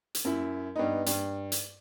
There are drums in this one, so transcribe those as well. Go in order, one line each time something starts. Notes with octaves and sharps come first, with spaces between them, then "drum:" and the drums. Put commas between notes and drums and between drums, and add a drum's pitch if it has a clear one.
drum: hi-hat
F#2 E4
G2 B3 D#4
G2, drum: hi-hat
drum: hi-hat